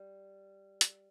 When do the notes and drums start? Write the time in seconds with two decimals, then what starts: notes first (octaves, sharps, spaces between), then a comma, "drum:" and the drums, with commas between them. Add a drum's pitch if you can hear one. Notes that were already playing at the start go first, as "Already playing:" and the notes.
Already playing: G3
0.81 drum: hi-hat